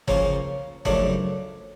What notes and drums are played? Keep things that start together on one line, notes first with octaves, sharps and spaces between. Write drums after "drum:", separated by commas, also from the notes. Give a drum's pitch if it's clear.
C#3 F3 A#3 C#4 F4, drum: kick
F#2 C#3 F3 A3 D4, drum: kick